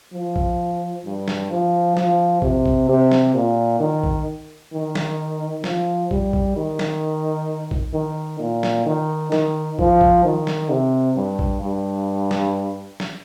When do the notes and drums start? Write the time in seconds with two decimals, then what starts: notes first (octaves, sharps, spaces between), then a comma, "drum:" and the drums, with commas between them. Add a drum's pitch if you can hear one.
0.13 F3
0.36 drum: kick
1.05 G2
1.28 drum: snare
1.51 F3
1.97 F3, drum: snare
2.42 C3, drum: kick
2.66 drum: kick
2.89 C3
3.12 drum: snare
3.34 A#2
3.80 D#3
4.03 drum: kick
4.73 D#3
4.95 drum: snare
5.64 F3, drum: snare
6.11 G3, drum: kick
6.33 drum: kick
6.57 D#3
6.79 drum: snare
7.71 drum: kick
7.94 D#3
8.40 A#2
8.63 drum: snare
8.86 D#3
9.32 D#3, drum: snare
9.79 F3, drum: kick
10.01 drum: kick
10.25 D#3
10.47 drum: snare
10.70 C3
11.17 G2
11.39 drum: kick
11.62 G2
12.31 drum: snare
13.00 drum: snare